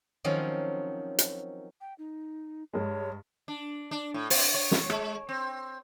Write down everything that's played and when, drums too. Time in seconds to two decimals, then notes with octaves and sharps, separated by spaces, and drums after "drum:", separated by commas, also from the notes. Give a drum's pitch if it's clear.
0.24 D#3 F3 F#3 C4 C#4
1.19 drum: hi-hat
1.81 G5
1.98 D#4
2.73 G2 G#3 C#5
3.48 D4
3.91 D4
4.14 A2
4.30 C4, drum: open hi-hat
4.54 C#5
4.71 drum: snare
4.90 G#3, drum: rim click
5.29 C4